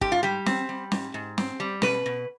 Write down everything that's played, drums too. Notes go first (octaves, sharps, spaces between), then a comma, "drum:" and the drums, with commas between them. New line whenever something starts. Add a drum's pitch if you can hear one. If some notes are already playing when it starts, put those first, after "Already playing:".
G#2 G4, drum: kick
F4
G3 G4
C4, drum: snare
G3
G#2, drum: snare
G#2
C4, drum: snare
G3
B2 B4, drum: snare
B2